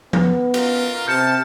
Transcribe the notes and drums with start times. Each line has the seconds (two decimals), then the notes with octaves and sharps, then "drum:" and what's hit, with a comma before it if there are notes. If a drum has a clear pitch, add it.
0.13 B3, drum: tom F3
0.54 F4 A#4, drum: cymbal
1.07 C3 A5 F6 G6 C#7